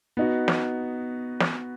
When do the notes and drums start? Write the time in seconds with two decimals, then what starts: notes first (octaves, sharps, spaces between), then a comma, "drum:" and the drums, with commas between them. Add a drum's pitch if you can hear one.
0.17 B3 D#4 F#4
0.48 drum: snare
1.40 drum: snare